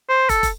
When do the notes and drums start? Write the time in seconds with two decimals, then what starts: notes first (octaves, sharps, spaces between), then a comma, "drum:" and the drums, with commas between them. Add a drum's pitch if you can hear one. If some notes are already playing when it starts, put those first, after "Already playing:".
0.09 C5
0.29 A4, drum: kick, hi-hat
0.43 drum: kick, hi-hat